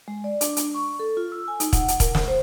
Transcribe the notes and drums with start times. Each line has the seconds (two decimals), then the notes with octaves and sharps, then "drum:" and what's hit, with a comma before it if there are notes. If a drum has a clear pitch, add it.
0.08 G#3
0.24 D5
0.41 D4, drum: hi-hat
0.57 drum: hi-hat
0.74 C#6
0.99 A4
1.17 F4
1.32 E6
1.48 G#5
1.60 D#4, drum: hi-hat
1.73 F#5, drum: kick, hi-hat
1.88 drum: hi-hat
2.00 A#4, drum: kick, hi-hat
2.15 drum: snare
2.28 C5